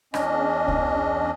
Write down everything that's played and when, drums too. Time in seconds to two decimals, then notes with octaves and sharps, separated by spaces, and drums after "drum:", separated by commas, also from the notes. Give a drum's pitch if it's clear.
0.14 E2 C#4 D4 D#5, drum: rim click
0.68 drum: kick C2